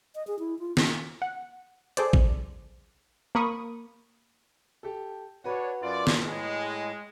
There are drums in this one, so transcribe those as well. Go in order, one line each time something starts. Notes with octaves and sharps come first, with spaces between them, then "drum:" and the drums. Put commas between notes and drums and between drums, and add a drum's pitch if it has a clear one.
D#5
G#4
E4
F4
C#4, drum: snare
F#5
G#4 A4 C5 D5, drum: hi-hat
drum: kick A1
A#3 A#4 B5 C#6 D#6
G4 A4
D4 F#4 B4 C#5
F#2 F4 D5
drum: snare
A2 G#3